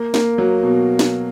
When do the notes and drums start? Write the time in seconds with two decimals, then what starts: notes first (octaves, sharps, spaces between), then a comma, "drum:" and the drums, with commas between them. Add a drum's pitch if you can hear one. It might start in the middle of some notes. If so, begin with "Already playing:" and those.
Already playing: A#3
0.14 A#3, drum: snare
0.38 F#3
0.63 B2
0.99 drum: snare